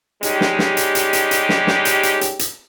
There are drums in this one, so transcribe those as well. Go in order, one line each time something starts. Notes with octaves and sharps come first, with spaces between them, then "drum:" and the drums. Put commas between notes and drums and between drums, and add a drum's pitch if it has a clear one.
G3 G#3 C#4 D#4 G4, drum: hi-hat
drum: snare
drum: snare
drum: hi-hat
drum: hi-hat
drum: hi-hat
drum: hi-hat
drum: snare
drum: snare
drum: hi-hat
drum: hi-hat
drum: hi-hat
drum: hi-hat